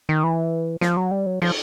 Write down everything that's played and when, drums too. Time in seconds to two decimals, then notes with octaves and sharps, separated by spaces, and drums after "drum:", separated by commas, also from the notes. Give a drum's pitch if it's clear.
0.09 D#3
0.24 E3
0.81 F3, drum: snare
0.97 F#3
1.11 G3
1.26 F#3
1.42 F3, drum: cymbal